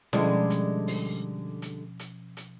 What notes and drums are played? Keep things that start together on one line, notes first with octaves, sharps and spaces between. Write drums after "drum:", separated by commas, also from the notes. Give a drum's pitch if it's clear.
B2 D3 F3 G3 G#3 C#4, drum: snare E4
drum: hi-hat
drum: open hi-hat
drum: hi-hat
drum: hi-hat
drum: hi-hat